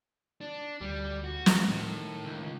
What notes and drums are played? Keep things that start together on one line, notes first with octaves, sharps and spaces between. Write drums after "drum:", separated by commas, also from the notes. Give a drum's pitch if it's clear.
D4
D2 G3
F#4
drum: snare
A2 D#3
C#2